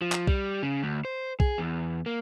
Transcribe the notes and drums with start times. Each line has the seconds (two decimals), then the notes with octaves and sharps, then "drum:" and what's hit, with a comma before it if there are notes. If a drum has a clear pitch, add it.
0.01 F3
0.12 drum: clap
0.27 G3, drum: kick B1
0.63 C#3
0.83 D2
1.05 C5
1.40 G#4, drum: kick B1
1.58 E2
2.06 A#3